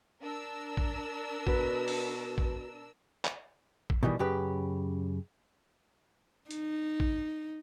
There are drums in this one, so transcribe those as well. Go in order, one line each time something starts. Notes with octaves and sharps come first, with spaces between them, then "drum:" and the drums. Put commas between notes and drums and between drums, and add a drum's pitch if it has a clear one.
D4 A#4 E6
drum: kick A1
B2 F#4 B4, drum: kick A1
drum: open hi-hat
drum: kick A1
drum: clap
drum: kick A1
B2 D#3 E3 G3
F#2 C#3 G4 B4
D#4, drum: hi-hat
drum: kick A1